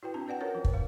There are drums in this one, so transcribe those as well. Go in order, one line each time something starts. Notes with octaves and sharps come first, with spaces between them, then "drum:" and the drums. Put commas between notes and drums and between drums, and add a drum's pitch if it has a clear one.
E4 F#4 B4 G5
C4 D4 A5
B4 D5 F#5 G5
C#4 F4 A#4 B4 C#5
F3
drum: kick
F5